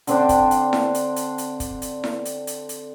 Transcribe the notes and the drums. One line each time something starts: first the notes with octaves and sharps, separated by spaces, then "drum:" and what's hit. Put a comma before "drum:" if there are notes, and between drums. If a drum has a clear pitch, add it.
D3 C4 D4, drum: hi-hat
drum: kick, hi-hat
drum: hi-hat
drum: snare E4
drum: hi-hat
drum: hi-hat
drum: hi-hat
drum: kick, hi-hat
drum: hi-hat
drum: snare E4
drum: hi-hat
drum: hi-hat
drum: hi-hat